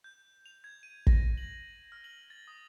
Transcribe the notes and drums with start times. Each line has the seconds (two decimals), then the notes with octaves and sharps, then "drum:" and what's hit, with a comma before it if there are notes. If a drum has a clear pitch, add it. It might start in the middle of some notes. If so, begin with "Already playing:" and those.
0.04 G6
0.46 F7
0.64 G#6
0.83 D#7
1.07 A#6, drum: kick
1.37 F#7
1.92 F6
2.04 F#7
2.30 A6
2.47 D#6